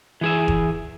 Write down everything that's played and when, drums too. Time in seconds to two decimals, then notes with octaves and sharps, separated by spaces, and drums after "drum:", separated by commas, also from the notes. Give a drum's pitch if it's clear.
0.21 E3 G#4 E5
0.48 drum: kick E1